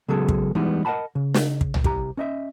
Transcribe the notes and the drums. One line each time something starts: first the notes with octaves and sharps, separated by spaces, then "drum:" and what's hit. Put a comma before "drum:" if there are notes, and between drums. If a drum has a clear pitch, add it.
C#3 F#3 G#3 B3 G#4 A4
drum: kick
E3 G3 G#3 B3 D#4
A#4 D#5 F5 F#5 A5 B5
C#3
drum: snare
drum: kick
drum: tom C2
C2 G4 A#5, drum: kick
C#4 D#5 E5